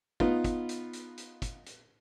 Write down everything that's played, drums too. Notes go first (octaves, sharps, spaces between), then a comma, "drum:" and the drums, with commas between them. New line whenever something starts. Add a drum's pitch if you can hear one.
B3 D#4 F4, drum: kick
drum: kick, hi-hat
drum: hi-hat
drum: hi-hat
drum: hi-hat
drum: kick, hi-hat
drum: hi-hat